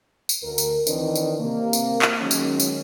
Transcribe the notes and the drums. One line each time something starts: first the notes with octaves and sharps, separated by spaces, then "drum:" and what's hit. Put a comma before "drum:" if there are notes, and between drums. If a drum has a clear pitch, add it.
drum: tambourine
D2 A#4
drum: tambourine
D#3 E3 C4 D4 B4 D#5, drum: tambourine
drum: tambourine
C3 A#3
drum: tambourine
drum: clap
D#3 F#3 G#3 C#4
drum: tambourine
drum: tambourine